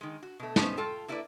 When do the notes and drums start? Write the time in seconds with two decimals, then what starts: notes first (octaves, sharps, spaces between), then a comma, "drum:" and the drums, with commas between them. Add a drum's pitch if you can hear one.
0.01 D#3 G#3
0.23 F#4
0.39 B2 A3
0.56 A#2 B3 C#4 D#4 C5 A5, drum: snare
0.77 F4 A4 G5
1.08 A#3 E4 F4 A#4 B4 D5